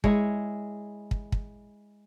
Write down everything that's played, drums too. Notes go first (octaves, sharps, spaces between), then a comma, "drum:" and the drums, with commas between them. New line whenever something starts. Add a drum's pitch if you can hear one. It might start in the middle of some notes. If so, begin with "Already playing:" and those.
G#3 E4 C#5, drum: kick
drum: kick
drum: kick